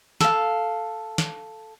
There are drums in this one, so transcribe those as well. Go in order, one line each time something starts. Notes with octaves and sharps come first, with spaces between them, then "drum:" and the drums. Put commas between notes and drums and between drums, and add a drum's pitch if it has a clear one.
A4 F5, drum: snare
drum: snare